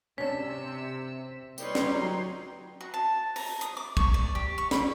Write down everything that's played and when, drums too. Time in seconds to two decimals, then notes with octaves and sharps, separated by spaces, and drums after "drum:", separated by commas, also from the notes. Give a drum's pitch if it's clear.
0.18 C3 C#4 D4 E6 B6
1.58 G3 D#4 B4 C#5 G5 C6, drum: tambourine
1.75 drum: snare
1.92 F#3 A#5
2.81 F#4
2.94 A5
3.36 A#5, drum: open hi-hat
3.61 D#6, drum: hi-hat
3.77 D6
3.97 C#6, drum: kick
4.14 D5
4.35 G4
4.58 C#6
4.71 B5, drum: snare